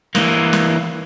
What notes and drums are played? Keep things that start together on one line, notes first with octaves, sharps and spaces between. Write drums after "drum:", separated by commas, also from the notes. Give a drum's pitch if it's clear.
E3 A#3, drum: snare
drum: snare